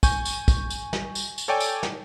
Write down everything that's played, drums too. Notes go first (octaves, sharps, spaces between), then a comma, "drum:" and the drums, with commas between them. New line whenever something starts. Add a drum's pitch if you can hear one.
G#5 C#6 G6, drum: kick, tambourine
drum: tambourine
drum: kick, tambourine
drum: tambourine
drum: snare
drum: tambourine
drum: tambourine
A4 C#5 D5 G5 G#5
drum: tambourine
drum: snare